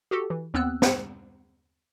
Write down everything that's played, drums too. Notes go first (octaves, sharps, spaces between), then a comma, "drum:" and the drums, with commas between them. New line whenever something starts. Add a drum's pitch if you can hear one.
F#4 G4 A4
E3
D#2 B3 C4 E6 F#6
drum: snare